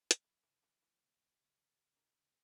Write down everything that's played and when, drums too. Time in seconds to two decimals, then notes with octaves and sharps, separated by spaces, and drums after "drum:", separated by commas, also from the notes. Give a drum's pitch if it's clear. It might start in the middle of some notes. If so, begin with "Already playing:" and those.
0.11 drum: hi-hat
0.24 E3 F#3 E4
0.43 C#2 E3 E4
0.63 E3 F#3 E4
0.82 E3 A#3 E4
1.02 B2
1.21 C#2
1.39 C#3
1.59 C#3
1.78 C#3
1.97 D#3 G#3 D#4
2.16 C#3